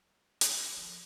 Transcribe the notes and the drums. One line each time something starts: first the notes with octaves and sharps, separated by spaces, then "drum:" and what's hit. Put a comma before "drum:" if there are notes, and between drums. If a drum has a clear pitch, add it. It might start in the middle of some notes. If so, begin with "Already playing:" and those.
Already playing: G3
drum: hi-hat
F3